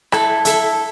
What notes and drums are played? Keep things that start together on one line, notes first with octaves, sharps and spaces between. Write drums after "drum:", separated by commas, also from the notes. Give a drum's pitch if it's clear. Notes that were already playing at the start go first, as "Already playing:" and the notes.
E4 A4 E5, drum: rim click
E4 A4 E5, drum: hi-hat